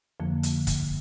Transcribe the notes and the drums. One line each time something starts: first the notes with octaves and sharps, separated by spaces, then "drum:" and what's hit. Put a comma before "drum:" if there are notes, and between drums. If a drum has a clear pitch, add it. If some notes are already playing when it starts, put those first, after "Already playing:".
F2 D3 F3 A#3
drum: hi-hat
drum: kick, hi-hat